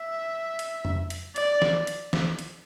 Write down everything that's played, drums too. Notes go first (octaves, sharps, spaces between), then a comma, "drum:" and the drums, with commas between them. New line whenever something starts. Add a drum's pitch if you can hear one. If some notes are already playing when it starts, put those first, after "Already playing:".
Already playing: E5
drum: hi-hat
drum: tom F2
drum: hi-hat
D5, drum: hi-hat
drum: snare
drum: hi-hat
drum: snare
drum: hi-hat